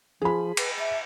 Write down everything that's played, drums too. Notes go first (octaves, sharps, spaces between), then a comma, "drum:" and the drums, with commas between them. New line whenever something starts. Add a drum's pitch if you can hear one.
F3 G#4 B5
B4, drum: cymbal
E5